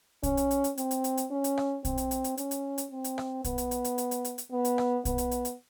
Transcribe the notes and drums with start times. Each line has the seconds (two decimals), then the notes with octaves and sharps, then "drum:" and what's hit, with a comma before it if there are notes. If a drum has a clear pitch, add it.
0.23 C#4, drum: kick, hi-hat
0.37 drum: hi-hat
0.51 drum: hi-hat
0.64 drum: hi-hat
0.78 C4, drum: hi-hat
0.91 drum: hi-hat
1.04 drum: hi-hat
1.17 drum: hi-hat
1.31 C#4
1.44 drum: hi-hat
1.57 drum: rim click
1.85 C4, drum: kick, hi-hat
1.98 drum: hi-hat
2.11 drum: hi-hat
2.24 drum: hi-hat
2.37 C#4, drum: hi-hat
2.51 drum: hi-hat
2.78 drum: hi-hat
2.92 C4
3.04 drum: hi-hat
3.18 drum: rim click
3.44 B3, drum: kick, hi-hat
3.58 drum: hi-hat
3.71 drum: hi-hat
3.84 drum: hi-hat
3.98 drum: hi-hat
4.11 drum: hi-hat
4.25 drum: hi-hat
4.38 drum: hi-hat
4.52 B3
4.65 drum: hi-hat
4.78 drum: rim click
5.05 B3, drum: kick, hi-hat
5.18 drum: hi-hat
5.31 drum: hi-hat
5.45 drum: hi-hat